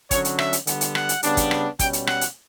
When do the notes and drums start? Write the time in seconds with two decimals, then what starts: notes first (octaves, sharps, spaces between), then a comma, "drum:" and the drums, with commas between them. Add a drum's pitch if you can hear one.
0.11 D3 F#3 C#4 C#5, drum: kick, hi-hat
0.25 drum: hi-hat
0.39 E5, drum: rim click
0.53 drum: hi-hat
0.67 D3 G3 B3, drum: hi-hat
0.81 drum: hi-hat
0.95 F#5, drum: rim click
1.09 drum: hi-hat
1.23 C#3 G3 B3 D4, drum: hi-hat
1.37 drum: kick, hi-hat
1.51 drum: rim click
1.79 B2 G3 C#4 G5, drum: kick, hi-hat
1.93 drum: hi-hat
2.07 F#5, drum: rim click
2.21 drum: hi-hat